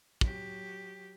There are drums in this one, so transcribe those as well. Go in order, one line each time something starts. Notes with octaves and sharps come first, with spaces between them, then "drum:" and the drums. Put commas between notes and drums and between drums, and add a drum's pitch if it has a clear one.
F#3 G4, drum: kick